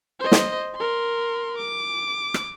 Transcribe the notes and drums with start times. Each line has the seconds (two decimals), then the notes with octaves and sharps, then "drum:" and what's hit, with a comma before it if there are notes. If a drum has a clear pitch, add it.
0.20 C5 D#5
0.32 drum: snare
0.75 A#4 C6
1.58 D6
2.34 drum: rim click